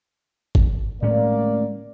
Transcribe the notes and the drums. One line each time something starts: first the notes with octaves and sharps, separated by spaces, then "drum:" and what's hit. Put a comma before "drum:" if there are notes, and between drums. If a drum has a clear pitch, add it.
drum: kick G1
A2 G#3 A#3 C#4 D5